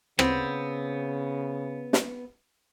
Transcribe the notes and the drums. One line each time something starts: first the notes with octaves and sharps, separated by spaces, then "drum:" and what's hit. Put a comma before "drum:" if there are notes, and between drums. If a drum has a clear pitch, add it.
C#3 B3 C4, drum: rim click
drum: snare